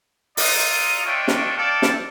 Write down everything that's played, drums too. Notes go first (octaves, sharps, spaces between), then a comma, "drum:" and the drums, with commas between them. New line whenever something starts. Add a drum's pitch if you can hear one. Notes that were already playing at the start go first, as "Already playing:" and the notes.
F4 A4 D5 A#5 D#6, drum: open hi-hat
A3 D4 F4 C#5 D#5 G5
drum: snare
A4 D5 F5 G5 A5
drum: snare